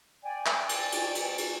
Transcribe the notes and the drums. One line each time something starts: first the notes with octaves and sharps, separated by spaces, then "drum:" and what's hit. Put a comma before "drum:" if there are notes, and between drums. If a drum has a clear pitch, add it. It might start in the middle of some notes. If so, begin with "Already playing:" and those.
D5 G5 G#5
drum: clap
drum: cymbal
drum: cymbal
drum: cymbal
drum: cymbal